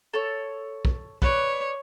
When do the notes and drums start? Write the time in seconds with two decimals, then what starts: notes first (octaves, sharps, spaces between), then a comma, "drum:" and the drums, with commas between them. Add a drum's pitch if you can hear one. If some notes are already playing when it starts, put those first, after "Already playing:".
0.14 A4 C#5
0.85 drum: kick
1.22 B4 C#5 D5, drum: kick